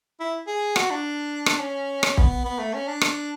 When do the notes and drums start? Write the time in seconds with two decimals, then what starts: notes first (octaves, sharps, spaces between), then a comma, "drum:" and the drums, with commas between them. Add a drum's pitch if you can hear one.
0.20 E4
0.47 G#4
0.76 F#4, drum: rim click
0.90 D4
1.46 drum: rim click
1.60 C#4
2.03 drum: rim click
2.17 B3, drum: kick
2.45 B3
2.59 A3
2.74 C#4
2.88 D4
3.01 drum: rim click